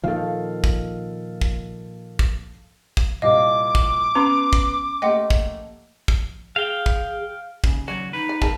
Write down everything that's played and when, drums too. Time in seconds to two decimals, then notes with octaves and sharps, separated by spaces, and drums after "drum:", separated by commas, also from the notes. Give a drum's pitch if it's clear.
0.04 A#2 D#3 F3 A4 F5
0.64 drum: kick
1.41 drum: kick
2.19 drum: kick
2.97 drum: kick
3.22 C2 A#2 A#3 D#5 F5 D6
3.75 drum: kick
4.15 B3 C#4 A#5 C6 F7
4.53 drum: kick
5.02 A3 A#3 G4 D#5 F#5 G5 C6
5.30 drum: kick
6.08 drum: kick
6.56 G#4 F5 G5
6.86 drum: kick
7.64 D#2 C#3, drum: kick
7.88 F#3 F#4 D5
8.13 D#4 B4
8.29 D5
8.42 D2 C4 G#4 A#4 A5, drum: kick